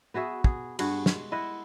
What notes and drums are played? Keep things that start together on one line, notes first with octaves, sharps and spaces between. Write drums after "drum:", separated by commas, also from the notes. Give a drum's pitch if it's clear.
B3 F#4 G#4 E5
G#4, drum: kick
G2 F#4 G#4 F#5, drum: cymbal
G#3, drum: snare
E4 D#5 E5 F#5